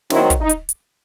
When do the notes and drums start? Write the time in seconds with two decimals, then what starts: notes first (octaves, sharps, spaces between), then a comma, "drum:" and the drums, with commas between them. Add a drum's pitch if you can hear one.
0.10 D#3 F#3 C4 E4, drum: snare
0.30 drum: kick, hi-hat
0.40 D#4
0.49 drum: hi-hat
0.69 drum: hi-hat